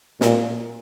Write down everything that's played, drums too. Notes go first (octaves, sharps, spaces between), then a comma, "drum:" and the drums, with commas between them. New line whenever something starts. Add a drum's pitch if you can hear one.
A#2, drum: snare